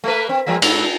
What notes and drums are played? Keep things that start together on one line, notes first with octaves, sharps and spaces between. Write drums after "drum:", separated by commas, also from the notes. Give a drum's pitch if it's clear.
A3 A#3 B4
C4
F3 G#3 A#3
G#2, drum: cymbal